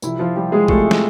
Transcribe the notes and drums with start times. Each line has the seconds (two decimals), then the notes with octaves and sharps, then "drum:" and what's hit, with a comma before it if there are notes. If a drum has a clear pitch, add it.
0.02 C2 C3 F3 E4, drum: tambourine
0.19 F3 F4
0.36 G3 G4
0.52 G#3 G#4
0.68 C2 C3 F3 A3 A4, drum: kick
0.91 drum: snare